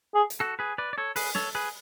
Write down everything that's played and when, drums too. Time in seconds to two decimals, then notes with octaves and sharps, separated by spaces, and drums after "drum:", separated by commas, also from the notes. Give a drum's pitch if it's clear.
0.14 G#4
0.30 drum: hi-hat
0.40 F#4 A4
0.59 G#4 B4
0.78 B4 D5
0.93 D5
0.98 A4 C#5
1.16 G#4 B4, drum: open hi-hat
1.35 A4 C#5, drum: snare
1.55 G#4 B4